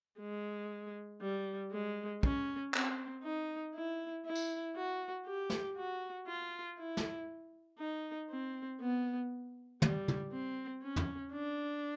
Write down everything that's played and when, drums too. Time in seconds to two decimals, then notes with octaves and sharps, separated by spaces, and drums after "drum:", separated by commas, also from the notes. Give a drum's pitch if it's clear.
0.20 G#3
1.21 G3
1.72 G#3
2.23 C#4, drum: kick
2.74 C4, drum: clap
3.24 D#4
3.75 E4
4.25 E4
4.35 drum: tambourine
4.76 F#4
5.26 G4
5.50 drum: snare
5.77 F#4
6.27 F4
6.78 E4
6.97 drum: snare
7.79 D#4
8.30 C4
8.81 B3
9.82 G3, drum: tom
10.08 drum: tom
10.32 C4
10.83 C#4
10.96 drum: tom
11.34 D4